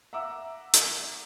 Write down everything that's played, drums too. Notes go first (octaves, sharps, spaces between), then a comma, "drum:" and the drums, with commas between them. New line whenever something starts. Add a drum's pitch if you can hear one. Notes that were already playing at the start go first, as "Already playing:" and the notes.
E5 F#5 A#5 D6 E6
drum: hi-hat